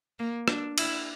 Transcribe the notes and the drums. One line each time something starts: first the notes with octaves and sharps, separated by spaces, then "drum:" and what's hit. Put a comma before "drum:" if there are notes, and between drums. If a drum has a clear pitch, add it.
A#3
D4, drum: rim click
E4, drum: cymbal